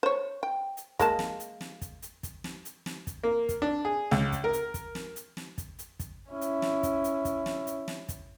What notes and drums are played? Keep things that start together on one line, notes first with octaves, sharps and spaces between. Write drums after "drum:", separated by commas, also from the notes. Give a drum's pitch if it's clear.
C5 C#5
G5
drum: hi-hat
G#3 A#3 A5, drum: kick, hi-hat
drum: snare
drum: hi-hat
drum: snare
drum: kick, hi-hat
drum: hi-hat
drum: kick, hi-hat
drum: snare
drum: hi-hat
drum: snare
drum: kick, hi-hat
A#3
drum: kick, hi-hat
D4
G#4
C#2, drum: snare
drum: kick, hi-hat
A#4
drum: hi-hat
drum: kick, hi-hat
drum: snare
drum: hi-hat
drum: snare
drum: kick, hi-hat
drum: hi-hat
drum: kick, hi-hat
C#4 E4
drum: hi-hat
drum: snare
drum: kick, hi-hat
drum: hi-hat
drum: kick, hi-hat
drum: snare
drum: hi-hat
drum: snare
drum: kick, hi-hat